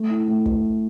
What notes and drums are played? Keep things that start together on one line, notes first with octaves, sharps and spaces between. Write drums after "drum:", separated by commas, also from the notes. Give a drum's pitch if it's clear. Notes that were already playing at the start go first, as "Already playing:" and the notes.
Already playing: A3
E4
A3
drum: kick